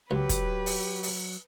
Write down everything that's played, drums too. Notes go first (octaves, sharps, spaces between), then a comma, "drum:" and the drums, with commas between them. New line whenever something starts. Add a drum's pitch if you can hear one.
C#2 F#3 G4 B4
drum: kick, hi-hat
drum: open hi-hat
drum: open hi-hat